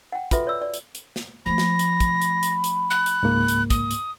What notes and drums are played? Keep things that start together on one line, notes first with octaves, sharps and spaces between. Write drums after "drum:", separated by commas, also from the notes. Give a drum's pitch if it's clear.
F#5 G5
F4 F#4 A4 B4 E5, drum: kick, hi-hat
C#5 D5 E6
D5
drum: hi-hat
drum: hi-hat
drum: snare
F3 A3 B5 A#6
drum: snare
drum: hi-hat
drum: kick, hi-hat
drum: hi-hat
drum: hi-hat
drum: hi-hat
F#6
drum: hi-hat
C#2 G#2 A#3
drum: hi-hat
D#6, drum: kick, hi-hat
drum: hi-hat